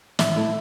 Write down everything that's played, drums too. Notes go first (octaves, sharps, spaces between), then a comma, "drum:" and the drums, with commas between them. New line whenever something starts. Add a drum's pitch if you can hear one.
A2 E5, drum: snare
A3 E4